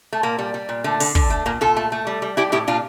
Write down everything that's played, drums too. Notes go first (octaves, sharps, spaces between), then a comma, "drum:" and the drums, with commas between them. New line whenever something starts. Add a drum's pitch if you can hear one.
A3
A#2 A#3
G3
G3
A#2
D3 A3
D3, drum: open hi-hat
D3, drum: kick
A3
A#2 A#3
A#2 F4 A4
A3
A3
G3
G3
G3 E4 G4
A2 E4 G4
A#2 D4 F4